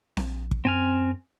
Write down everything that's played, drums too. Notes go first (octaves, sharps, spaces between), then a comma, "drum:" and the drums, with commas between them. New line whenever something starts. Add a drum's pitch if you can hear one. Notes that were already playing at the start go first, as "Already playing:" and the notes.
A#1, drum: snare C4
drum: kick
F#2 C4 G#5 F6